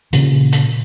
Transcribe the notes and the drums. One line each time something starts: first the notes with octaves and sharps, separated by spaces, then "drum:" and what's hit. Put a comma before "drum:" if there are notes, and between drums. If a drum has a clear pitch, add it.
A#2 C#3, drum: hi-hat
drum: hi-hat